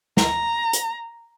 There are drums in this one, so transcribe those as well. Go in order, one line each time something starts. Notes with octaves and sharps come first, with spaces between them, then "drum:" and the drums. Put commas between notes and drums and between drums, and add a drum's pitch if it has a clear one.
A#5, drum: snare
drum: hi-hat